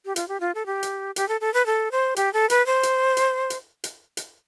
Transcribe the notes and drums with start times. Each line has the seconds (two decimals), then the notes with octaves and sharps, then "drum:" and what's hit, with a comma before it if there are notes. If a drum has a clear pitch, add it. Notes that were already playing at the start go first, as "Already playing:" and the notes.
0.06 G4
0.16 F4, drum: hi-hat
0.28 G4
0.40 F4
0.55 A4
0.66 G4
0.83 drum: hi-hat
1.16 G4, drum: hi-hat
1.28 A4
1.41 A4
1.54 B4
1.66 A4
1.92 C5
2.16 G4, drum: hi-hat
2.33 A4
2.50 B4, drum: hi-hat
2.66 C5
2.83 drum: hi-hat
3.17 drum: hi-hat
3.50 drum: hi-hat
3.84 drum: hi-hat
4.17 drum: hi-hat